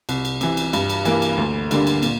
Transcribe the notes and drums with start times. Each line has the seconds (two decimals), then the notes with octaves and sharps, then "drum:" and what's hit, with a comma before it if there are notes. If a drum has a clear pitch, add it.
0.09 C2, drum: cymbal
0.25 drum: cymbal
0.41 C3 E3, drum: cymbal
0.57 drum: cymbal
0.73 G2, drum: cymbal
0.90 drum: cymbal
1.05 E3 A#3, drum: cymbal
1.22 drum: cymbal
1.38 D2
1.71 D3 G3 A#3 D4, drum: cymbal
1.87 drum: cymbal
2.03 A#2, drum: cymbal